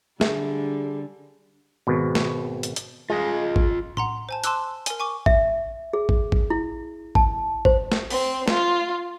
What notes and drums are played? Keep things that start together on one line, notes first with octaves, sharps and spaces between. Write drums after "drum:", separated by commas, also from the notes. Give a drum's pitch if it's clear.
D3 G3 G#4 E5, drum: snare
G#1 B2
drum: snare
drum: hi-hat
drum: hi-hat
G#3 F4 D#5 F5
drum: kick
F#5 A#5 C6, drum: tom A2
C5 G#5 A5
A5 C6 D6 E6 F#6, drum: hi-hat
A#4 G#5, drum: hi-hat
G#5 C#6 D6
E5, drum: kick
G#4
drum: kick
drum: kick
E4
A5, drum: kick
C5, drum: kick
drum: snare
C4, drum: open hi-hat
F4, drum: snare